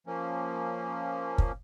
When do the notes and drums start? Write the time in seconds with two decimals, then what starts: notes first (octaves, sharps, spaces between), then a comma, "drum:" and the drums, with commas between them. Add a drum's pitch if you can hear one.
0.07 F3 A#3 C#4
1.38 drum: kick